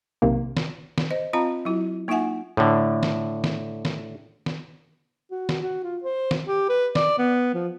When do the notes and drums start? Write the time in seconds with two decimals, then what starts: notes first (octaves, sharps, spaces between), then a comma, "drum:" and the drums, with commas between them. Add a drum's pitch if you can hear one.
0.22 B1 C3 D#3 A#3
0.57 drum: snare
0.98 drum: snare
1.10 C5 D#5
1.33 C4 F4 D#5 F5 A#5 B5
1.65 F#3 E4 F#4
2.08 A#3 D#4 F4 E5 F#5 G#5
2.57 A2 D3
3.03 drum: snare
3.44 drum: snare
3.85 drum: snare
4.46 drum: snare
5.31 F#4
5.49 drum: snare
5.62 F#4
5.83 F4
6.04 C5
6.31 drum: snare
6.46 G4
6.69 B4
6.95 D5, drum: snare
7.18 B3
7.54 F3